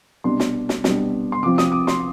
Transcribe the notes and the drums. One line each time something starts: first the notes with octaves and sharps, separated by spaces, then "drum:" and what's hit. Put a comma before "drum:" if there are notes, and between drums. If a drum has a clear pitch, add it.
C2 B2 G3 B3 D4 C6
drum: snare
drum: snare
C2 B2 G3 B3 D4, drum: snare
C6
C3 F3 C4 D6
D#6, drum: snare
D6
C6, drum: snare